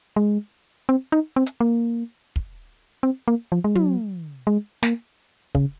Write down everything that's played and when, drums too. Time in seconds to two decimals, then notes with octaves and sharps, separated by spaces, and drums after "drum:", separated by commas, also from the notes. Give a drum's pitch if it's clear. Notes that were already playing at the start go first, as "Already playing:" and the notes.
0.16 G#3
0.89 C4
1.12 D#4
1.36 C4
1.46 drum: hi-hat
1.60 A#3
2.36 drum: kick
3.03 C4
3.28 A#3
3.52 F3
3.64 G#3
3.75 F#3, drum: tom
4.47 G#3
4.83 A#3, drum: snare
5.55 C#3, drum: kick